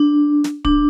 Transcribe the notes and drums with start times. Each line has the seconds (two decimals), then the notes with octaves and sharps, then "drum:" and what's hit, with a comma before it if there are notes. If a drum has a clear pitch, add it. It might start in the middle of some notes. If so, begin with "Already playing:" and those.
Already playing: D4
0.44 drum: snare
0.65 D4, drum: kick